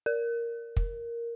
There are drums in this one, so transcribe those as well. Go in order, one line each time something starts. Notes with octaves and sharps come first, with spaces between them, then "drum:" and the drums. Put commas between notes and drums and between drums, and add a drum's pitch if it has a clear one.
A#4
drum: kick